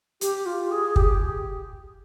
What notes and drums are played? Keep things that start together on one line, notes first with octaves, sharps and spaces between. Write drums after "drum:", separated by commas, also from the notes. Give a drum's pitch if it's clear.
G4, drum: hi-hat
F4
G#4
G4, drum: kick